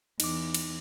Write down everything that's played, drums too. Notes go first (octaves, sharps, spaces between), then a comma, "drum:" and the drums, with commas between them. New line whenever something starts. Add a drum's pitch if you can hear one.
E2 D#4 D6, drum: cymbal
drum: cymbal